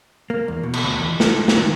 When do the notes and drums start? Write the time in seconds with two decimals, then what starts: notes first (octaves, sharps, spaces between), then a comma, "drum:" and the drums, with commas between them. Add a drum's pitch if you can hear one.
0.30 A#3
0.48 E2
0.63 B2
0.73 drum: cymbal
0.83 D2
0.99 E2
1.20 A4, drum: snare
1.48 drum: snare
1.57 D#3